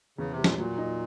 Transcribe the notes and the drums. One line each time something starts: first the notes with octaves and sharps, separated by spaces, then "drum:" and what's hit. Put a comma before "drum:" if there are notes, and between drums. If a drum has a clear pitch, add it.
E2 C#3
C3
G3
A#2, drum: snare
A#2 F#3
D#4